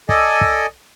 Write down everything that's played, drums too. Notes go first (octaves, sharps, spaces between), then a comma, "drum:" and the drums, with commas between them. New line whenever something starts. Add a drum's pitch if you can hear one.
A4 D5 D#5 G#5, drum: kick
drum: kick